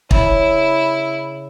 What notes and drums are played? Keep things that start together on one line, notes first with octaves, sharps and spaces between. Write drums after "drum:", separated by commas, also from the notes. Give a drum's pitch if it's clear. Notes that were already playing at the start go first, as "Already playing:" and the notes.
C#3 E4, drum: kick